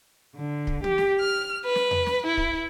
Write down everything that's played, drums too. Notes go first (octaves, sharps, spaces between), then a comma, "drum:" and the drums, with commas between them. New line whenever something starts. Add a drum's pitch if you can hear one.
D3
drum: kick
G4, drum: tom
drum: snare
F6
B4
drum: snare
drum: tom E2
drum: snare
E4
drum: kick